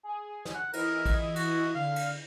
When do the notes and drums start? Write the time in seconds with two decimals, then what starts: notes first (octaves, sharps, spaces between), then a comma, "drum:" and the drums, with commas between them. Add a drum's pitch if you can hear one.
0.03 G#4
0.45 drum: snare
0.55 F#5
0.73 E3 E4 A#4 D#5, drum: cymbal
1.06 drum: kick, cymbal
1.36 F#4, drum: cymbal
1.75 D3 F5
1.96 drum: cymbal